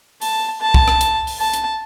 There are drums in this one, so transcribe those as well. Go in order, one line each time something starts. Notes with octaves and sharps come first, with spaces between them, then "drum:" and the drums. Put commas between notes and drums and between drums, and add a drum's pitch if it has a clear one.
A5, drum: open hi-hat
A5
drum: kick
drum: rim click
drum: hi-hat
drum: open hi-hat
A5
drum: hi-hat